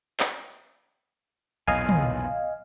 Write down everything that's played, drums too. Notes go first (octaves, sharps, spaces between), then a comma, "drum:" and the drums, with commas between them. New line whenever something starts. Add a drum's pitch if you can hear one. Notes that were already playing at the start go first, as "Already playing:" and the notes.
drum: clap
B1 E2 A#2 D#5 F5 G#5
drum: tom